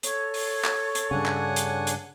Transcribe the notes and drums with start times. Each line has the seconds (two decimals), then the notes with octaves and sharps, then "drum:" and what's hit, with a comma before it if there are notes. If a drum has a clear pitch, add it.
0.03 A4 C#5 C#6, drum: hi-hat
0.34 drum: open hi-hat
0.64 drum: clap
0.95 drum: hi-hat
1.11 G2 C#3 D4 F#5 G#5
1.26 drum: clap
1.56 drum: hi-hat
1.87 drum: hi-hat